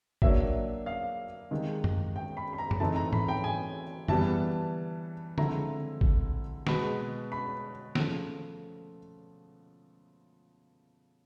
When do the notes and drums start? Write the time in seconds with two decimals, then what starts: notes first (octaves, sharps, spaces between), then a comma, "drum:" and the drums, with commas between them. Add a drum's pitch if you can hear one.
0.22 F#3 A#3 D4 E5, drum: kick G#1
0.86 F5
1.51 C3 D#3 G#3
1.84 drum: tom F#2
2.16 G5
2.37 B5
2.53 B5
2.58 A#5
2.71 drum: tom F#2
2.80 E3 A3 C4 D#4 A5
2.96 A#5
3.13 B5, drum: tom G#2
3.28 G5
3.44 G#5
4.08 E3 G3 B3 A5, drum: tom F#2
5.38 D3 F3 G#3 C4 E4 A#5, drum: tom C#3
6.01 drum: kick G#1
6.67 B2 G#3 B3 B5, drum: snare
7.32 B5
7.95 C#3 F3 A3, drum: snare